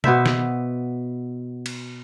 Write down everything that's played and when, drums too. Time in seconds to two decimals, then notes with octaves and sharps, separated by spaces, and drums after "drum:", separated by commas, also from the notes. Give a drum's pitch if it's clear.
0.04 B2 B3 C5 E5, drum: tom B2
0.26 drum: snare
1.66 drum: cymbal